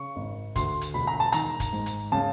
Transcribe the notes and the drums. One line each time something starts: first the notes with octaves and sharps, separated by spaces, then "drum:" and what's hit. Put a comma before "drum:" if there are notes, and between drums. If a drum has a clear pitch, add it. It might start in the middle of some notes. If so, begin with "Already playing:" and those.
Already playing: C#3 C#6
G#1
D2 C6, drum: kick, hi-hat
drum: hi-hat
E1 B5
A#5
A5
D#3 A#5, drum: hi-hat
drum: kick, hi-hat
G#2
drum: hi-hat
C#3 A5